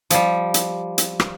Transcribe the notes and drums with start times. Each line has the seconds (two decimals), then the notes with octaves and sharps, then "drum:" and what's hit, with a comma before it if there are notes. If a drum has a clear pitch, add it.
0.10 F3 G3, drum: hi-hat
0.54 drum: hi-hat
0.98 drum: hi-hat
1.20 drum: rim click